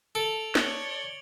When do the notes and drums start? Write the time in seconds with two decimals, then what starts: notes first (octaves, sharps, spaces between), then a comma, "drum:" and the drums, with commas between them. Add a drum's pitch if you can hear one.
0.15 A4 D7 F7
0.55 C#5 D5 C#7 F#7 G7, drum: snare